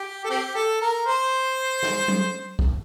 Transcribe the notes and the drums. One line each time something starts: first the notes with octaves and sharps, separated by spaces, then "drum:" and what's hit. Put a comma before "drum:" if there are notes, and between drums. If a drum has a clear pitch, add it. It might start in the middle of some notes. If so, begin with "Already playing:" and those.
Already playing: G4
A4
C4 G4
A4
A#4
C5
drum: snare
drum: tom F#3
drum: kick